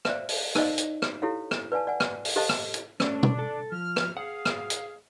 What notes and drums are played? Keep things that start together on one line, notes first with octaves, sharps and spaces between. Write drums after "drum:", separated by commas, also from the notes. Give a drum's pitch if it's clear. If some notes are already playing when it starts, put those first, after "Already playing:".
C5 D5 E5 F5, drum: rim click
drum: open hi-hat
D#4 C5 D5 D#5 F5, drum: rim click
drum: hi-hat
drum: rim click
E4 G4 A4 C#5 F5
drum: rim click
B4 D5 F5 G#5 A5
D5 F#5 G#5
drum: rim click
drum: open hi-hat
G4 A4 C5 D#5 F5 A5
drum: rim click
drum: hi-hat
A3 C#4 D4, drum: rim click
drum: tom B2
A4
F3 F6
drum: rim click
G#4 F5 F#5
drum: rim click
drum: hi-hat